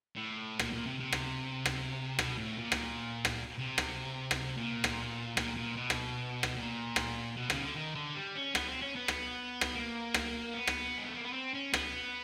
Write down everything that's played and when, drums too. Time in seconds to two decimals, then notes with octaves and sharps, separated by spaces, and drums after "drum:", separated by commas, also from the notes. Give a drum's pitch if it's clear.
0.16 A2
0.59 A#2, drum: rim click
0.73 A#2
0.86 C3
1.00 C3
1.12 drum: rim click
1.66 drum: rim click
2.19 B2, drum: rim click
2.38 A2
2.58 A#2
2.72 drum: rim click
3.25 drum: rim click
3.58 C3
3.78 drum: rim click
4.31 drum: rim click
4.57 A#2
4.84 drum: rim click
5.37 A#2, drum: rim click
5.57 A#2
5.77 B2
5.90 drum: rim click
6.43 drum: rim click
6.56 A#2
6.96 drum: rim click
7.36 B2
7.50 C#3, drum: rim click
7.62 D3
7.76 D#3
7.95 D3
8.15 G3
8.36 C#4
8.55 B3, drum: rim click
8.68 C4
8.81 C#4
8.95 B3
9.08 drum: rim click
9.61 drum: rim click
9.75 A#3
10.14 drum: rim click
10.54 B3
10.67 drum: rim click
10.98 G#3
11.07 A3
11.15 A#3
11.25 B3
11.33 C4
11.54 C#4
11.74 B3, drum: rim click